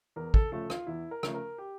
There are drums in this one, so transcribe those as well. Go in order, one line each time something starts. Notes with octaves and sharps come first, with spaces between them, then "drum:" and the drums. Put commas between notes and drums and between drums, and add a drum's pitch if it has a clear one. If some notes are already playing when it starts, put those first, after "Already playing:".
E2 A#4
A4, drum: kick
C#3 F3 A3 A4
F4, drum: rim click
E2 E4
A#4
C#3 F3 A3, drum: rim click
A#4
G4